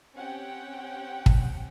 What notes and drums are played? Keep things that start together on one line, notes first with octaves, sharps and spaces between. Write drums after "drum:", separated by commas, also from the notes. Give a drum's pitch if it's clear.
C4 C#4 G4 F#5 G5
drum: kick